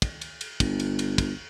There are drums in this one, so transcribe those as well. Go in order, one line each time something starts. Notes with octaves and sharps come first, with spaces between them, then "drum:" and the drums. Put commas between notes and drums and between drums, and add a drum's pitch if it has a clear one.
drum: kick, cymbal
drum: cymbal
drum: cymbal
G1, drum: kick, cymbal
drum: cymbal
drum: cymbal
drum: kick, cymbal